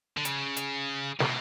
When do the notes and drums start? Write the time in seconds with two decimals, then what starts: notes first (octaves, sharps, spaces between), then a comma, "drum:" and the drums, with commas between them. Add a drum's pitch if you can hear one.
0.17 D3
0.25 C#3, drum: hi-hat
0.57 drum: hi-hat
1.20 B2, drum: snare